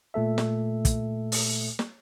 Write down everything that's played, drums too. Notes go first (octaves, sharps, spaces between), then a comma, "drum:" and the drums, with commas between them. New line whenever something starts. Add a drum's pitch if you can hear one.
A#2 A3 A4 E5
drum: snare
drum: kick, hi-hat
drum: open hi-hat
drum: snare